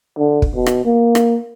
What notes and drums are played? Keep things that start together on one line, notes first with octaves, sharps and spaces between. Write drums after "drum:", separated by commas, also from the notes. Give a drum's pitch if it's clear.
D3
drum: kick
B2
drum: rim click
A#3
drum: rim click